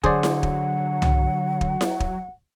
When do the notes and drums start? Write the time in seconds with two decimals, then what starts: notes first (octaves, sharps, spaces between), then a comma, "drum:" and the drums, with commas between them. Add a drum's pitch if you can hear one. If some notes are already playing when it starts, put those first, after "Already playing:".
0.04 D3 F#3 G#4 C5 D5 F#5, drum: kick
0.23 drum: snare E4
0.43 drum: kick
1.02 drum: tom
1.61 drum: kick
1.81 drum: snare E4
2.00 drum: kick